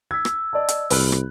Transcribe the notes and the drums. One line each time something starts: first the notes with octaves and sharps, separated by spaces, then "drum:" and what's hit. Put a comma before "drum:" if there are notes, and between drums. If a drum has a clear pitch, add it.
E6 G#6 B6
drum: rim click
D5 D#5 A5
drum: hi-hat
C2 B5 F6 F#6, drum: open hi-hat
drum: rim click